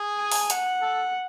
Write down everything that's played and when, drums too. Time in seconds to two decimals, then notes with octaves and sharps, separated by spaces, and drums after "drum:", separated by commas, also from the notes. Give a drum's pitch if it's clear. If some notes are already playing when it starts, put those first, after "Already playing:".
Already playing: G#4
0.19 G#5
0.32 drum: open hi-hat
0.50 F#5, drum: hi-hat
0.81 A4